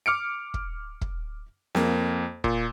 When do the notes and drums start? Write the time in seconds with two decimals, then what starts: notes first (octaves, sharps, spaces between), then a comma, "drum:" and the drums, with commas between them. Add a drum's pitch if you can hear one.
0.06 D6 F6 C#7 D7
0.54 drum: kick
1.01 drum: kick
1.75 F2 A#3, drum: snare
2.44 A#2, drum: kick